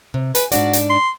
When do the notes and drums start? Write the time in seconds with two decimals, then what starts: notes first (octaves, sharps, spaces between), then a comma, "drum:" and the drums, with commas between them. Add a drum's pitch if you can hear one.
0.14 C3
0.35 B4 G#5, drum: hi-hat
0.52 G#2 D4 F#4 D5, drum: hi-hat
0.73 drum: hi-hat
0.90 C6